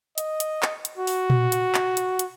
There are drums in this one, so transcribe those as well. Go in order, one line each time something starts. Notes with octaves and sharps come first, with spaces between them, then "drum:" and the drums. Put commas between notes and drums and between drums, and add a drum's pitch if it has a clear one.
D#5, drum: hi-hat
drum: hi-hat
drum: clap
drum: hi-hat
F#4
drum: open hi-hat
drum: tom A#2
drum: hi-hat
drum: clap
drum: hi-hat
drum: hi-hat